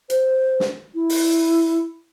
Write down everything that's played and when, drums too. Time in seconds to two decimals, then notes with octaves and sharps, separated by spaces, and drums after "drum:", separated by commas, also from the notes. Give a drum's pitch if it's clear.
0.10 C5, drum: hi-hat
0.60 drum: snare
0.95 E4
1.10 drum: open hi-hat